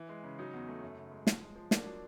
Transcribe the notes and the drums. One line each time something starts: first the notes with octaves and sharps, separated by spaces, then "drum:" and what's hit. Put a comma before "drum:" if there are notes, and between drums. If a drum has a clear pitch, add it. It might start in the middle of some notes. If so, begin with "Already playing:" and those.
Already playing: E3
G#3
C#3
F#3 D#4
E2
A3
F#2
C#3
G#3
F3, drum: snare
G#3
F3
A#3 D4, drum: snare
F#3